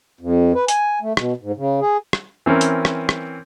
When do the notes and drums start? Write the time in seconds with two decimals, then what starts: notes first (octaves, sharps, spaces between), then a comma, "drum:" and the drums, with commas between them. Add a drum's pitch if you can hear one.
0.21 F2
0.55 B4
0.68 G#5, drum: hi-hat
1.02 A3
1.17 B2, drum: rim click
1.41 G#2
1.57 C#3
1.81 G#4
2.13 drum: rim click
2.46 E3 C4 C#4 A#4
2.61 drum: hi-hat
2.85 drum: rim click
3.09 drum: rim click